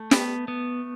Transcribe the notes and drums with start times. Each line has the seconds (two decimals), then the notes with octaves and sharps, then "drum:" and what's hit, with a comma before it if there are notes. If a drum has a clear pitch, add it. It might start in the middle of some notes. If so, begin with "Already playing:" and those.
Already playing: A3
0.11 B3, drum: snare
0.48 B3